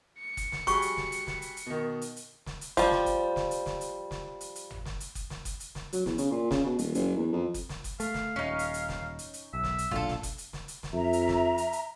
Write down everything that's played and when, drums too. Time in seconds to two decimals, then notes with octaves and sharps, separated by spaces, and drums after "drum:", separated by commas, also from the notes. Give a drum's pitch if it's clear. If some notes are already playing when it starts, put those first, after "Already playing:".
0.19 C#7
0.37 drum: kick F#1, hi-hat
0.52 drum: snare
0.67 G3 F#4 G#4 C#6, drum: kick F#1, hi-hat
0.82 drum: hi-hat
0.97 drum: snare
1.12 drum: hi-hat
1.27 drum: snare
1.42 drum: hi-hat
1.57 drum: hi-hat
1.66 B2 D#3
2.02 drum: hi-hat
2.16 drum: hi-hat
2.46 drum: snare
2.61 drum: hi-hat
2.77 F3 G3, drum: kick F#1, hi-hat
2.91 drum: snare
3.06 drum: kick F#1, hi-hat
3.36 drum: snare
3.51 drum: hi-hat
3.66 drum: snare
3.81 drum: hi-hat
4.11 drum: snare
4.41 drum: hi-hat
4.56 drum: hi-hat
4.70 drum: tom
4.85 drum: snare
5.00 drum: hi-hat
5.15 drum: kick F#1, hi-hat
5.30 drum: snare
5.45 drum: kick F#1, hi-hat
5.60 drum: hi-hat
5.75 drum: snare
5.93 F#3, drum: hi-hat
6.06 E2, drum: snare
6.18 C#3, drum: hi-hat
6.31 A#2
6.51 C#3, drum: snare
6.66 B2
6.79 D#1, drum: hi-hat
6.95 F#1, drum: hi-hat
7.16 E2
7.32 F2
7.54 drum: kick F#1, hi-hat
7.69 drum: snare
7.84 drum: kick F#1, hi-hat
8.00 A3 F5, drum: hi-hat
8.14 drum: snare
8.36 D#1 C#4 D#4
8.59 drum: hi-hat
8.74 drum: hi-hat
8.89 drum: snare
9.19 drum: hi-hat
9.34 drum: hi-hat
9.53 B1 E5
9.63 drum: snare
9.78 drum: hi-hat
9.91 B1 A#2 D3 F4 A4, drum: kick F#1
10.08 drum: snare
10.23 drum: kick F#1, hi-hat
10.38 drum: hi-hat
10.53 drum: snare
10.68 drum: hi-hat
10.83 drum: snare
10.93 F2 E5 A#5
11.13 drum: hi-hat
11.28 drum: snare
11.58 drum: hi-hat
11.73 drum: hi-hat